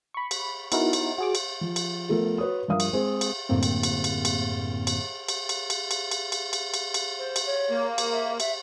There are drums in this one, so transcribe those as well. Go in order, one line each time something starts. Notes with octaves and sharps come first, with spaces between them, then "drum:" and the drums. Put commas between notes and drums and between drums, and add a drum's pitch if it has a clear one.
B5 C#6
drum: cymbal
B3 D#4 E4 F#4 A#4, drum: cymbal
drum: cymbal
F#4 G#4 D6
drum: cymbal
F3
drum: cymbal
F3 A3 B3 F4 A4 A#4
F#4 B4 C#5 D#6
G2 F3 A#4 E5 F5 D#6
drum: cymbal
G#3 C4 G#4 C5
drum: cymbal
F#2 A2 D3 A#3 C4
drum: cymbal
drum: cymbal
drum: cymbal
drum: cymbal
drum: cymbal
drum: cymbal
drum: cymbal
drum: cymbal
drum: cymbal
drum: cymbal
drum: cymbal
drum: cymbal
drum: cymbal
drum: cymbal
C5
drum: cymbal
C#5
A#3
drum: cymbal
E5
E5, drum: cymbal